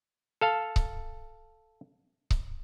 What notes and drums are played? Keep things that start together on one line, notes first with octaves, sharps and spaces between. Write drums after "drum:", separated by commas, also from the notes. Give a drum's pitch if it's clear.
A4 F5 A5
drum: kick C#1
drum: kick C#1